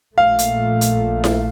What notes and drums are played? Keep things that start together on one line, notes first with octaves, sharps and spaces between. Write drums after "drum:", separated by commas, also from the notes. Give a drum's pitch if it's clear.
A#1 A#2 A3 F5
drum: hi-hat
drum: hi-hat
drum: snare E4